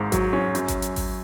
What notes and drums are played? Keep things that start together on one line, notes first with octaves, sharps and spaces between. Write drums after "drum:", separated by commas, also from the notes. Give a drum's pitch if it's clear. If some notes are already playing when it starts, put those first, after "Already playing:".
Already playing: G#1 G#2
F#3, drum: kick G#1, hi-hat
C#4
F#2, drum: hi-hat
drum: kick G#1, hi-hat
drum: hi-hat
drum: kick G#1, open hi-hat